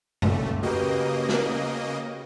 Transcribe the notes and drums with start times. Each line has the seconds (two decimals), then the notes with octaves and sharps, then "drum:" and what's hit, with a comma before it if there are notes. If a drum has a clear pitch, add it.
0.22 C#2 A#2 A3, drum: tom F#2
0.63 C#3 A#3 F#4 G4 B4 D#5
1.29 drum: snare